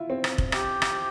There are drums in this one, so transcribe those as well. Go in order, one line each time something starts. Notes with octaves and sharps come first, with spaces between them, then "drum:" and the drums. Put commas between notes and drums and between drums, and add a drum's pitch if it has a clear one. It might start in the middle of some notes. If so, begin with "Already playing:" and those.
Already playing: E4 F4
C4
drum: rim click
drum: kick
G4, drum: rim click
drum: rim click